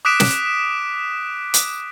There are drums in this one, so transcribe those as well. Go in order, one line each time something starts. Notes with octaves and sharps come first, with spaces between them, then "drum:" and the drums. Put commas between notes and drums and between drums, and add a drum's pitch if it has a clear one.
D6 D#6 F#6 B6 D7 E7
drum: snare
drum: hi-hat